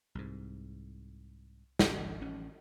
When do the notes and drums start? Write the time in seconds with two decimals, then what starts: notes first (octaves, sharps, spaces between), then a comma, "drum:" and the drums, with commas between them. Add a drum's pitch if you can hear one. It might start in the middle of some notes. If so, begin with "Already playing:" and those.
0.15 C2 G#2
1.79 G#1 C#2, drum: snare
2.21 A1 C#4